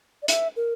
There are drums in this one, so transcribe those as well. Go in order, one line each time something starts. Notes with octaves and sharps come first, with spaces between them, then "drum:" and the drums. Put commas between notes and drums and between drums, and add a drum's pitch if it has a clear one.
D5
E5, drum: hi-hat
A#4